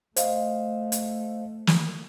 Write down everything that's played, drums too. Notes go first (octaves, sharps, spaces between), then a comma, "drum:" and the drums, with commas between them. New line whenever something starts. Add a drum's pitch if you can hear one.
A3 C5 D#5 F5, drum: hi-hat
drum: hi-hat
drum: snare